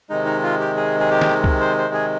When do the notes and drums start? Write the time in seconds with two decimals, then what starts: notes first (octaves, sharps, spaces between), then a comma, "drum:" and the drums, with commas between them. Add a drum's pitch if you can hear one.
0.10 C3 D#3 G#3 D#4
0.25 D#4
0.43 F4
0.60 G4
0.77 G#4
1.00 G#4
1.11 G4
1.21 drum: snare
1.44 drum: kick C2
1.61 C5
1.78 C5
1.94 G#4